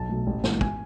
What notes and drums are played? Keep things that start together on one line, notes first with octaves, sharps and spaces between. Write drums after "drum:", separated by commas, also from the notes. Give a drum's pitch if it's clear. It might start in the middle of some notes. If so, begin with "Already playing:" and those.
Already playing: B1 A5
B2 F#3 A3
A1
G#2 E3 B3, drum: snare
G#5, drum: kick